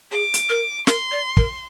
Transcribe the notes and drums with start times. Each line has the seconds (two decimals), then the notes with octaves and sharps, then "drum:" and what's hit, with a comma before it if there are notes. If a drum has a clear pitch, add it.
0.11 G#4 D6
0.34 drum: hi-hat
0.49 A#4
0.87 A#4 C6, drum: snare
1.12 D5
1.37 A#4, drum: kick